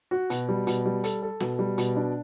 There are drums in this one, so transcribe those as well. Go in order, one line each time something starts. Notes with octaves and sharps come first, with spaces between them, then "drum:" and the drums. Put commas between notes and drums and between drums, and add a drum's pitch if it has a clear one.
F#4
B2, drum: hi-hat
G3
B2, drum: hi-hat
G3
A4, drum: hi-hat
A4
B2, drum: snare
G3
B2, drum: hi-hat
D4